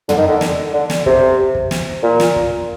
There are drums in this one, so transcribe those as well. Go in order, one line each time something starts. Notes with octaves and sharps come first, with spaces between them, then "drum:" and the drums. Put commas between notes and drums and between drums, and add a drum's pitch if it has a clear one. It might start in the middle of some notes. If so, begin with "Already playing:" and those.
D3, drum: tom
D#3
D3
drum: snare
D3
drum: snare
C3, drum: kick
drum: kick
drum: snare
A#2
drum: snare
drum: kick